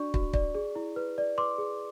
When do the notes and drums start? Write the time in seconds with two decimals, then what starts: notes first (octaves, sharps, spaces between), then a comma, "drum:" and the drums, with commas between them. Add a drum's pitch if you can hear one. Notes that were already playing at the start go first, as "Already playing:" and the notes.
Already playing: D4 F#4 D5 C#6
0.14 F#4, drum: kick
0.33 D5, drum: kick
0.55 G#4
0.76 E4
0.96 B4
1.18 D5
1.38 B4 C6 D6
1.58 G#4